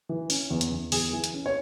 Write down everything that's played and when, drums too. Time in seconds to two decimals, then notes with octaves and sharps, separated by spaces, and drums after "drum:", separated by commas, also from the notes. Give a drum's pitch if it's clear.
0.09 E3
0.30 C#4, drum: open hi-hat
0.50 E2
0.61 drum: hi-hat
0.71 E2
0.92 E2 G#4, drum: open hi-hat
1.13 E3
1.24 drum: hi-hat
1.34 C#4
1.46 C#5